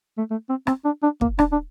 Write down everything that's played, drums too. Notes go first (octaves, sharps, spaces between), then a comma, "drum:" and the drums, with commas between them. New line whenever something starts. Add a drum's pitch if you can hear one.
A3
A3
C4
C4, drum: rim click
D4
D4
A#3, drum: kick
D4, drum: rim click
D4